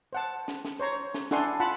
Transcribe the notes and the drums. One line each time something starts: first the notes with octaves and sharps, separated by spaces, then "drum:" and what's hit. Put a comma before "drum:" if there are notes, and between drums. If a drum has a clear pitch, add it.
C5 F#5 A5
drum: snare
drum: snare
C5 C#5 A#5
drum: snare
D4 E4 A4 F#5 G#5 C6, drum: snare
F4 F#5 A5 B5